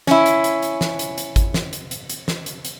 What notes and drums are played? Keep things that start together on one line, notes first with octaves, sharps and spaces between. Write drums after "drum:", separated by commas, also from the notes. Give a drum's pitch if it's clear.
C#4 E4, drum: snare
drum: hi-hat
drum: hi-hat
drum: hi-hat
drum: snare
drum: hi-hat
drum: hi-hat
drum: kick G#1, hi-hat
drum: snare
drum: hi-hat
drum: hi-hat
drum: hi-hat
drum: snare
drum: hi-hat
drum: hi-hat